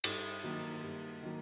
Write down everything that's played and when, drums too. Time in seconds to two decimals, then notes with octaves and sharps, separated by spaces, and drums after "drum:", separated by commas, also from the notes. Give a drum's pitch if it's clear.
0.04 G2, drum: cymbal
0.44 D#3 F#3 A#3
0.83 G2
1.23 D#3 F#3 A#3